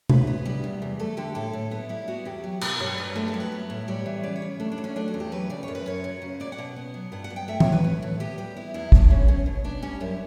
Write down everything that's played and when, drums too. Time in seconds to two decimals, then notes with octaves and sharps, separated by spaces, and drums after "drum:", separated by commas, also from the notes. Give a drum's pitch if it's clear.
0.09 A2 B4, drum: tom C3
0.27 B3
0.45 G3
0.64 E2
0.82 E2
1.00 A3 A4
1.17 D3 G4
1.35 A2 A4
1.53 A2
1.71 B3 E4
1.89 G3 E4
2.07 B3 F#4
2.25 E2 G4
2.44 F#3
2.61 B2, drum: cymbal
2.79 G2 C#5
2.98 G2 B4
3.16 A3 G4
3.28 A4
3.34 F#3
3.40 B4
3.52 B3
3.70 A2
3.88 G3 C#5
4.06 E3
4.23 C#3 D5
4.36 C#5
4.42 C#3
4.60 A3 D4
4.72 D4
4.78 F#3
4.84 C#4
4.96 A3 D4
5.08 F#4
5.14 E2
5.20 G4
5.32 F#3 B4
5.50 C#3 D5
5.63 C#5
5.68 F#2
5.75 B4
5.86 F#2 C#5
6.04 F#3
6.22 C#3
6.40 B2 D5
6.52 F#5
6.58 B2
6.76 B3
6.94 F#3
7.12 G2 F#5
7.24 F#5
7.30 G2
7.36 G5
7.48 A3 E5
7.60 C#5, drum: tom E3
7.66 F#3
7.72 B4
7.84 A2
8.02 A2
8.20 B3 G4
8.38 G3 G4
8.56 B3 E4
8.74 E2 E4
8.92 F#3 D4, drum: kick
9.10 C#3 C#4
9.28 B2 C#4
9.46 B2
9.64 B3 D4
9.82 G3 C#4
10.00 F#2 E4